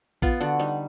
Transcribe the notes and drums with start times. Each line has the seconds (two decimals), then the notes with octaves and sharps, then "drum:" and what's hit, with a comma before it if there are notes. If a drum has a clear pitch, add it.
0.22 B3 F4, drum: kick A1
0.41 D3 F#4
0.59 G3 D#4